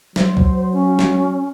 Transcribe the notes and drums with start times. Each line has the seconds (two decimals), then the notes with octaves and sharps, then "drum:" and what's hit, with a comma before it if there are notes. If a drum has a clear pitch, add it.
0.16 F#3 C5, drum: snare
0.37 drum: kick C#2
0.73 C#4
0.99 drum: snare